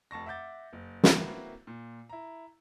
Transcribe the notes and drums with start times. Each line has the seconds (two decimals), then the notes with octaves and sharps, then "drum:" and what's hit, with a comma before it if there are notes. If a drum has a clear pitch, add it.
0.11 F1 A5 C#6 A#6
0.26 E5 F#5 D6 G6 A6
0.73 F#1
1.03 A#3 C4 E4 F#4 B4, drum: snare
1.67 A#2
2.09 E4 A#5